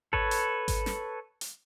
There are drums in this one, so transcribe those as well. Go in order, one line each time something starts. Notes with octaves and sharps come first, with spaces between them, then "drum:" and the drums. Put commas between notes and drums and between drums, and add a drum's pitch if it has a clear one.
A4 B4 C#5, drum: kick G#1
drum: hi-hat
drum: kick G#1, hi-hat
drum: snare
drum: hi-hat